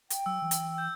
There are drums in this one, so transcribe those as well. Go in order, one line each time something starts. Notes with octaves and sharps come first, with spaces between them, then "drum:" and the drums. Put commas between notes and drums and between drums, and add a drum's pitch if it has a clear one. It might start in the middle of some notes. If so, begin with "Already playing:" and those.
G5, drum: hi-hat
F#3 E6
E3
drum: hi-hat
G6